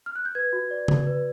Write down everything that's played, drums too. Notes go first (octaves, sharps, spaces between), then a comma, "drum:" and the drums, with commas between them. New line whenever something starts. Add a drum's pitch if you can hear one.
F6
F#6
G6
B4 G#6
F#4
D5
F#4, drum: tom C#3
B4